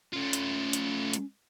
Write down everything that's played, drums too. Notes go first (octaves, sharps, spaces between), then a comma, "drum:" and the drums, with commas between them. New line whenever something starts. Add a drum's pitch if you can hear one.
A3 C#4 F4
drum: hi-hat
drum: hi-hat
drum: hi-hat